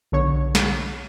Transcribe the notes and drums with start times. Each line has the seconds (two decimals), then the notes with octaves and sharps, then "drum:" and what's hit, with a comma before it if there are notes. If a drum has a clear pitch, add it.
0.12 B1 D3 C#5
0.55 drum: snare